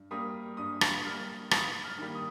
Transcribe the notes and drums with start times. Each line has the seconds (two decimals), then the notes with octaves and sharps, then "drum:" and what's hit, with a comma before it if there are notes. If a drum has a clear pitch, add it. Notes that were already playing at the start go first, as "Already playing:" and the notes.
Already playing: G2
0.11 G3 A#3 D#6
0.57 G2 D#6
0.81 drum: rim click
1.05 G3 A#3 F6
1.51 G#2 D#6, drum: rim click
1.83 F6
1.98 D#3 G3 A#3
2.15 D#6